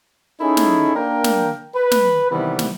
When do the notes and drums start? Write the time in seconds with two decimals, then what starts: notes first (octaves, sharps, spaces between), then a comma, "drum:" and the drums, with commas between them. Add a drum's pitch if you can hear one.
0.40 C#4 D#4 E4 G#4 A4
0.57 drum: snare
0.95 A#3 D4 A#4 G5
1.24 drum: snare
1.75 B4
1.91 drum: snare
2.31 C3 D#3 E3 G3 B3
2.59 drum: snare